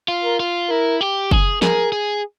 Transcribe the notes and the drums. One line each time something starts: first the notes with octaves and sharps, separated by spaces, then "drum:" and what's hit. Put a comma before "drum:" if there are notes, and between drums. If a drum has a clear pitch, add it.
F4
A#4
F4
E4 A#4
G4
G#4, drum: kick
G#4 A#4, drum: snare
G#4